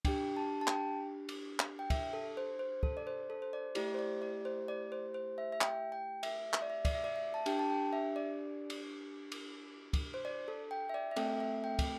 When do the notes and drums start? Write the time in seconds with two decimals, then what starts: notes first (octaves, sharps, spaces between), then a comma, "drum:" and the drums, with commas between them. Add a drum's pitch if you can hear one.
0.05 D4 G4 G5, drum: kick, cymbal
0.37 A5
0.61 A5
0.67 G5, drum: clap
1.29 drum: cymbal
1.59 drum: clap
1.79 G5
1.90 E5, drum: kick, cymbal
2.13 A4
2.37 C5
2.59 C5
2.83 A4, drum: kick
2.97 D5
3.07 C5
3.30 A4
3.42 C5
3.53 D5
3.75 A3 E4 G4 D5, drum: cymbal
3.94 C5
3.99 D5
4.22 D5
4.45 C5
4.68 D5
4.92 C5
5.14 C5
5.38 E5
5.52 E5
5.61 G5, drum: clap
5.92 G5
6.23 E5, drum: cymbal
6.53 E5, drum: clap
6.62 D5
6.70 E5
6.85 D5, drum: kick, cymbal
6.95 E5
7.04 D5
7.16 E5
7.34 A5
7.46 D4 G4 G5, drum: cymbal
7.59 A5
7.70 G5
7.93 E5
8.16 D5
8.70 drum: cymbal
9.32 drum: cymbal
9.93 drum: kick, cymbal
10.14 C5
10.25 D5
10.48 A4
10.71 G5
10.89 E5
10.94 D5
11.11 E5
11.16 A3 C4 A4 G5, drum: cymbal
11.40 E5
11.64 G5
11.79 drum: kick, cymbal